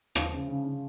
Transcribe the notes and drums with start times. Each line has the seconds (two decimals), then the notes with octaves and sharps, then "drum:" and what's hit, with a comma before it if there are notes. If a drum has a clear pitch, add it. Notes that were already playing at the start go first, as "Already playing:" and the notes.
0.15 F3, drum: rim click
0.32 C#3
0.48 C#3
0.64 C#3